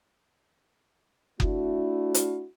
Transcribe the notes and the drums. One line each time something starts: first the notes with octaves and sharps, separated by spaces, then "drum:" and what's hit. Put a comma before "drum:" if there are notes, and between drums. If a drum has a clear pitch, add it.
A3 D4 E4 F#4, drum: kick F#1
drum: hi-hat